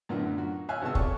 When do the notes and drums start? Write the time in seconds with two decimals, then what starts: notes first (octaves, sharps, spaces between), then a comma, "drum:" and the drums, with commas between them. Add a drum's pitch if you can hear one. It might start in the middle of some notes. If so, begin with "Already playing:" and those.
0.09 F#2 A2 D3 B3 D4 F4
0.38 F#4
0.69 C#5 E5 F5 G#5 F6 F#6
0.82 G#1 C3 B3 G#4 A5 E6
0.95 F4 A4 C#5 D5 C#6, drum: kick